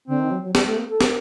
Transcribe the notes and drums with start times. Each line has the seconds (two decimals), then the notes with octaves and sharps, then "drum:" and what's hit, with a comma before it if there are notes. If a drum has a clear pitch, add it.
0.08 D3 C4
0.19 D#3
0.30 F#3
0.43 F#3
0.55 G3, drum: snare
0.66 A3
0.77 A#3
0.89 A4
1.01 A#4, drum: snare